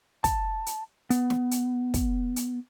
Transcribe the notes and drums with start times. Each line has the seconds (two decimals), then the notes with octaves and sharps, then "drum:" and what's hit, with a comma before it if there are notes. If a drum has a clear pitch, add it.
0.24 A5, drum: kick, hi-hat
0.66 drum: hi-hat
1.10 B3, drum: hi-hat
1.30 drum: snare
1.51 drum: hi-hat
1.94 drum: kick, hi-hat
2.36 drum: hi-hat